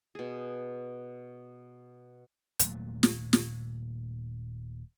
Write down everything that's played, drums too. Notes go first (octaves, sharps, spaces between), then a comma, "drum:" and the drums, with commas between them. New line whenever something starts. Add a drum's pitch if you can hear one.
B2 G#4
D#1 A#2 F#3 A3, drum: hi-hat
drum: snare
drum: snare